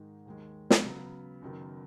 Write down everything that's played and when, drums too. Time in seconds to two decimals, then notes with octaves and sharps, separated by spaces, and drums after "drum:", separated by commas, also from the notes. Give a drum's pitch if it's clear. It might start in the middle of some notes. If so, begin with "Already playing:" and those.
Already playing: G#2 D#3 G#3 D#4
0.26 D#2 D#3 G#3
0.70 drum: snare
0.84 C#3 F#3 B3
1.42 F#1 F#2 D#3 F#3 B3